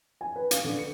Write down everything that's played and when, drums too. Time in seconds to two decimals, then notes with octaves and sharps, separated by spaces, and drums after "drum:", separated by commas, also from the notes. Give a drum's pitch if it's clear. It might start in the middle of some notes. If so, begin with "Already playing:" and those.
0.21 G#5
0.36 B4
0.51 F5, drum: hi-hat
0.64 D3
0.79 C#7